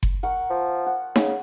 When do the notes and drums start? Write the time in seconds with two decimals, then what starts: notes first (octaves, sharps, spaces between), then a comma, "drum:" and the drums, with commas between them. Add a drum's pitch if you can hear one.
0.03 drum: kick F#1
0.23 A#4 F#5 C#6
0.50 F3
0.86 F#5
1.16 C#3, drum: snare D#4